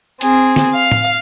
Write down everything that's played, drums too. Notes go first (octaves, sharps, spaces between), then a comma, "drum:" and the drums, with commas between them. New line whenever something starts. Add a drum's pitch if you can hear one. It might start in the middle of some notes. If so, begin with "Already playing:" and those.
C4 G#4, drum: hi-hat
drum: snare
F5
drum: tom A2